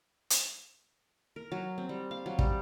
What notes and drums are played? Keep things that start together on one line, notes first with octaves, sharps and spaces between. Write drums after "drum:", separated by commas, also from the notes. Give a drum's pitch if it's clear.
drum: hi-hat
A#4
F#3
C4
G3
F5
F#3
G3, drum: kick